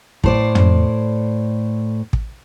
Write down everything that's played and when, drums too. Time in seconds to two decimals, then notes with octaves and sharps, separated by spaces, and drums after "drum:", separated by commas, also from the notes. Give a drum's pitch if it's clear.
0.24 A2 C5 D5, drum: kick
0.55 drum: tom
2.13 drum: kick